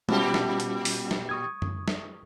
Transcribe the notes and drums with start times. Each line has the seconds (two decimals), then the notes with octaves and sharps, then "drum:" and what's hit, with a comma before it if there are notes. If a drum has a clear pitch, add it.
0.09 A#2 G3 C#4 F4 G4, drum: tom G#3
0.34 drum: snare
0.60 drum: hi-hat
0.85 drum: open hi-hat
1.11 drum: snare
1.29 C#6 D#6 G#6
1.62 drum: tom F#2
1.88 drum: snare